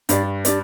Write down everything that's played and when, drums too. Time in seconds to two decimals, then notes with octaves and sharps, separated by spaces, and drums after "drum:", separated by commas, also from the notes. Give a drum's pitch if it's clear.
0.09 G2 D4 G4 D5, drum: hi-hat
0.45 D4 G4 D5, drum: hi-hat